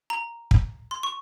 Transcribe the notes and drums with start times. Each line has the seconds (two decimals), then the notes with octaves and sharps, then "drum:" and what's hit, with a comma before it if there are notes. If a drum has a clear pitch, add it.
0.10 A#5
0.51 drum: kick
0.91 C6
1.03 C#6